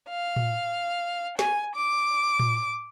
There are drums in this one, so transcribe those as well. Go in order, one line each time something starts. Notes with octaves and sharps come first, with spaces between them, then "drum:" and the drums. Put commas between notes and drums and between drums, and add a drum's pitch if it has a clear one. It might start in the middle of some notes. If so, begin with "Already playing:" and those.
F5
drum: tom A2
G#5, drum: snare
D6
drum: tom A2